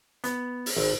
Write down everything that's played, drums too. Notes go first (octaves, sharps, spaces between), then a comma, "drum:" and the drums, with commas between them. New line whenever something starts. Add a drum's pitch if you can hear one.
B3, drum: hi-hat
drum: open hi-hat
G#1